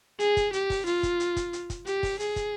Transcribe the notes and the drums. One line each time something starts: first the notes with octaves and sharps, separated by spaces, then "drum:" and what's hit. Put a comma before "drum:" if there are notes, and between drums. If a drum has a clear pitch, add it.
G#4, drum: hi-hat
drum: kick, hi-hat
G4, drum: hi-hat
drum: kick, open hi-hat
F4, drum: hi-hat
drum: kick, hi-hat
drum: hi-hat
drum: kick, hi-hat
drum: hi-hat
drum: kick, hi-hat
G4, drum: hi-hat
drum: kick, open hi-hat
G#4, drum: hi-hat
drum: kick, hi-hat